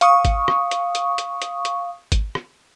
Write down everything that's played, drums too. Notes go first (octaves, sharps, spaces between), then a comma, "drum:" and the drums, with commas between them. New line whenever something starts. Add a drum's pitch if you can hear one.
F5 C#6 D#6, drum: hi-hat
drum: kick G#1, hi-hat
drum: rim click
drum: hi-hat
drum: hi-hat
drum: hi-hat
drum: hi-hat
drum: hi-hat
drum: kick G#1, hi-hat
drum: rim click